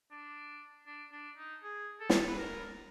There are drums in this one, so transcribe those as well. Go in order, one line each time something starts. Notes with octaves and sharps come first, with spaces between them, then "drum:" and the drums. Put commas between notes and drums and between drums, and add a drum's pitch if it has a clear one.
D4
D4
D4
D#4
G#4
A4
drum: snare
B4
A#4